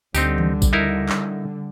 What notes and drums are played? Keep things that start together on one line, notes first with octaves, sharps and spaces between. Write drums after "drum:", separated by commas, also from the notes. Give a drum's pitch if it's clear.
D2 D3 G3 C4 D#4 G4, drum: tambourine
drum: tom D#3
drum: kick, tambourine
D#4 E4 A#4
drum: clap